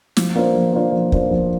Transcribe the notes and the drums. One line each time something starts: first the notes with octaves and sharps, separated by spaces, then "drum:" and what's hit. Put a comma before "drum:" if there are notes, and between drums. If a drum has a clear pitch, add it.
F3, drum: snare
A#3 D4 F4 C5
F3
A#3 D4 F4 C5
F3
A#3 D4 F4 C5, drum: kick
F3